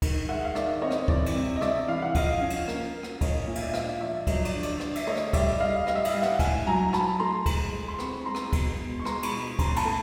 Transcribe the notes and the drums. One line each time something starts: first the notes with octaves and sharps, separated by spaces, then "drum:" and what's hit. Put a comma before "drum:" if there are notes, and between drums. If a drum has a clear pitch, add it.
D#3, drum: kick, cymbal
G#3 E5 F#5
F5
D#3 D5 E5, drum: rim click
C4 C#5 D#5
drum: rim click
E3 D5, drum: kick
drum: cymbal
C3
D#5
C3 D5 E5, drum: rim click
E3 F5
F#5
F3 D#5 F5, drum: kick, cymbal
C#4
drum: cymbal
A#3, drum: rim click
A#3
drum: rim click
A#2 C#5 D#5, drum: kick, cymbal
A#2 E5
F5, drum: cymbal
D5 E5
D4 D#5 F5, drum: rim click
F3 D5 E5
F#3 C#5 D#5, drum: kick, cymbal
D5, drum: cymbal
D3
D5, drum: cymbal
D3 D5, drum: rim click
E5, drum: cymbal
A3 C#5 D#5
drum: rim click
G3 D5 E5, drum: kick, cymbal
G3 D#5 F5
G3 D#5 F5, drum: rim click
E5
D#5 F5, drum: cymbal
G3
E5 F#5, drum: rim click
A2 F#5 G#5, drum: kick, cymbal
F#3 G#5 A#5
F#3 A5 B5, drum: rim click
A3 A#5 C6
G#3, drum: kick, cymbal
G#3
C6
C4 B5 C#6, drum: rim click
B5
G#3 A#5 C6
drum: rim click
B2, drum: kick, cymbal
B2
C#6
G#3 A#5 C6, drum: rim click
B5 C#6, drum: cymbal
B2
C#4 A#5 C6, drum: kick, cymbal
A5 B5, drum: cymbal
A3